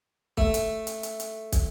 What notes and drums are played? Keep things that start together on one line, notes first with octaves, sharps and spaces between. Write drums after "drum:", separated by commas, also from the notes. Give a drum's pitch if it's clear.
A3, drum: kick
drum: hi-hat
drum: hi-hat
drum: hi-hat
drum: hi-hat
drum: kick, hi-hat